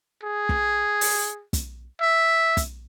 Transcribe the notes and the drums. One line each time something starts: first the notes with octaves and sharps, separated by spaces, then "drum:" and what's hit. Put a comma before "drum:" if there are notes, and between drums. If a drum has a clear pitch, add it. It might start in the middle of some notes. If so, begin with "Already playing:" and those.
G#4
drum: kick
drum: open hi-hat
drum: kick, hi-hat
E5
drum: kick, hi-hat